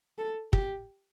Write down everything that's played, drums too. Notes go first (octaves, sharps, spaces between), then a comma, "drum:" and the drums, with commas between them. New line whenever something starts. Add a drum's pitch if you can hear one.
A4
G4, drum: kick